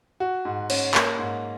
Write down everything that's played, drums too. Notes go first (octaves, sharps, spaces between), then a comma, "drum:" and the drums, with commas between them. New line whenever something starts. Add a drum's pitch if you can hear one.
F#4
G#2
C#4, drum: cymbal
A#3, drum: clap
G#2